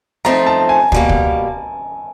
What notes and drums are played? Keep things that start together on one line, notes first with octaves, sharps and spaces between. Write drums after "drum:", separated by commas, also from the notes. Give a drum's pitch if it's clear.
F3 A3 C4 D#4 A#5
A5
G#5
B2 G3 A#3, drum: kick
drum: kick